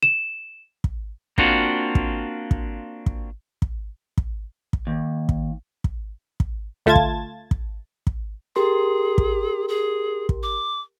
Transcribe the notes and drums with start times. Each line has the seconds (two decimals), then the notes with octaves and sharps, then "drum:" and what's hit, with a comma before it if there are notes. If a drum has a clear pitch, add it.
0.03 E7
0.84 drum: kick
1.38 A#3 C4 D4 F4 F#4, drum: kick
1.95 drum: kick
2.51 drum: kick
3.06 drum: kick
3.62 drum: kick
4.18 drum: kick
4.73 drum: kick
4.87 D#2
5.29 drum: kick
5.84 drum: kick
6.40 drum: kick
6.86 D2 A3 F4 A5 G#6 A6
6.95 drum: kick
7.51 drum: kick
8.07 drum: kick
8.56 G4 G#4 A#4 C6
9.18 drum: kick
9.68 G#4
10.29 drum: kick
10.43 D6